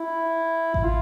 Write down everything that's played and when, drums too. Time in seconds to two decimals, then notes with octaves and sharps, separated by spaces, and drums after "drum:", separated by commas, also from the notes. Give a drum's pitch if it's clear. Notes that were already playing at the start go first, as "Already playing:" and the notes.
Already playing: E4
0.74 E4, drum: kick A1
0.84 F4